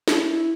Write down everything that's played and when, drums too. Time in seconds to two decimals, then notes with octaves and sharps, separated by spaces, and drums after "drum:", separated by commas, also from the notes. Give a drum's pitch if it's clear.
0.08 E4, drum: snare